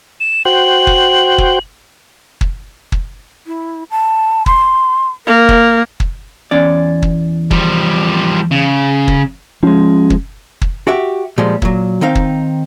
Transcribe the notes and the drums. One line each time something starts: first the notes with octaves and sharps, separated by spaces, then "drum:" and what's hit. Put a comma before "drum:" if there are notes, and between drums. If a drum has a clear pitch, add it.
E7
F#4 C5 G5 F#7
drum: kick
drum: kick
drum: kick
drum: kick
E4
A5
C6, drum: kick
A#3 A#4
drum: kick
drum: kick
E2 C#4 D5
drum: kick
F3 G3, drum: kick
C#3
drum: kick
F3 G#3 C#4
drum: kick
drum: kick
F#4 G4 E5
A#2 F3 G3 G#3
A#2 F#3, drum: kick
D#3 C4 D#4 F5
drum: kick